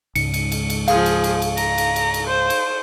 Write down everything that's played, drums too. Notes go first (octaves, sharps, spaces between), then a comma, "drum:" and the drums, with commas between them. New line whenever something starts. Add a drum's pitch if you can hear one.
C#2 G#2 C#7, drum: cymbal
drum: cymbal
drum: cymbal
drum: cymbal
F3 G#4 F5, drum: cymbal
drum: cymbal
drum: cymbal
drum: cymbal
A#5, drum: cymbal
drum: cymbal
drum: cymbal
drum: cymbal
C5
drum: cymbal